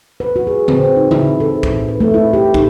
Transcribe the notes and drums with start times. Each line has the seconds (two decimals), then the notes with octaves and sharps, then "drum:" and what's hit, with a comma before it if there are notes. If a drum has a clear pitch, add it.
0.20 B4
0.36 F#4
0.47 G#4
0.68 C4, drum: tom C#3
0.96 D#4
1.11 E4, drum: tom C#3
1.40 A4
1.63 drum: kick
1.88 B4
2.00 A3
2.14 E4
2.33 G4
2.54 D#4, drum: kick